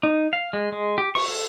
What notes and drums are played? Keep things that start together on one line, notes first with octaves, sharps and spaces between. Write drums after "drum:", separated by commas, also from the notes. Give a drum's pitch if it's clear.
D#4
F5
G#3
G#3
G4
C#6, drum: cymbal
A4